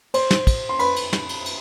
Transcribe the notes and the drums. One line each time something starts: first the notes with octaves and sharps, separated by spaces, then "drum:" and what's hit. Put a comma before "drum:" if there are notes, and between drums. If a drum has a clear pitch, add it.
C5 C6, drum: cymbal
drum: snare
drum: kick, cymbal
C6
B4 B5, drum: cymbal
drum: cymbal
drum: snare
drum: cymbal
drum: cymbal